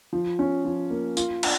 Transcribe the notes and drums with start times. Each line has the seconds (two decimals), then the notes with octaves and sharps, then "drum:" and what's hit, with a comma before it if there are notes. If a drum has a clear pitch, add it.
0.13 F3
0.39 C#4
0.65 F3
0.90 A#3
1.17 F4, drum: tambourine
1.43 D4, drum: cymbal